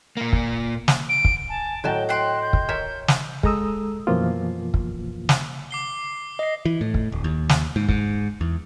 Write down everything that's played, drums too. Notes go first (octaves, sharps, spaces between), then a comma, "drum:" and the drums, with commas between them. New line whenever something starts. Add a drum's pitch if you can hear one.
A#2 A#3
drum: kick
drum: snare
D7
drum: kick
G#5 A5
A2 F#3 D#5 G5 A5
C5 G5 C6 F#6
G6
drum: kick
A#4 C#5 E5
drum: snare
G#3 A4 A#5 D#6 E6, drum: kick
F#2 B2 E3 F3 A#3 F4
drum: kick
drum: snare
D6 C7 G7
D#5 C7
E3
A2
drum: kick
D1
D#2
drum: snare
G#2
G#2, drum: kick
E2